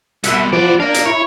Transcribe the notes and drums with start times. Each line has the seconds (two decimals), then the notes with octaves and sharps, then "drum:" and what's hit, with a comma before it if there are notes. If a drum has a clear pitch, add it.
0.24 C2 B2 E5 F#5, drum: hi-hat
0.53 F3 B3 D5
0.80 D4 A#4 F5
0.94 drum: hi-hat
1.06 E4 C#5